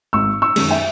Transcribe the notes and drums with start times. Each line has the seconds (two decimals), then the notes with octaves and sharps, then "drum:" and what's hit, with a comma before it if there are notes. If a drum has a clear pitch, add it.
0.13 G#1 C#6 E6
0.42 C#6 E6
0.56 F#2 D#3 G#3, drum: cymbal
0.71 E5 G#5